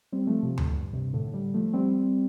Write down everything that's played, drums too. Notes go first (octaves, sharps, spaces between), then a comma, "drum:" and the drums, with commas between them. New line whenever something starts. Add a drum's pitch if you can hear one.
G3 C4
F3 A3
C3 F3
A2 D3, drum: tom D2
G2
G2 C3
A2 D3
D3 G3
F3 A3
G3 C4